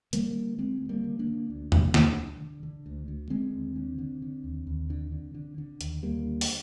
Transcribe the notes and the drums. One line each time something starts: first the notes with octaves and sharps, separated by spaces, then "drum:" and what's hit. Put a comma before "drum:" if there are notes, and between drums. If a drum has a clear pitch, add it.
D3 G3 A#3, drum: hi-hat
D3
D3 G#3 C4
D2
G3 A#3
D3
A#3 D4
D3
D2
D2, drum: tom E2
D2, drum: snare
D3
D3
D3
D2
D2
D3 G#3 C4
D#2
D3
D3
D3
D#2
D#2
D3
D3
D3
D3
D#2, drum: hi-hat
D#2 G3 A#3
D3
drum: open hi-hat